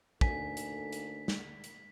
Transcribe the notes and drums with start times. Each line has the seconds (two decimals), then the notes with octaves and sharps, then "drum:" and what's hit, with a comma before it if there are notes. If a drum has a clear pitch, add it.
0.21 D2 A#3 D#4 A4 G#5 B6, drum: kick
0.57 drum: hi-hat
0.93 drum: hi-hat
1.28 drum: snare
1.64 drum: hi-hat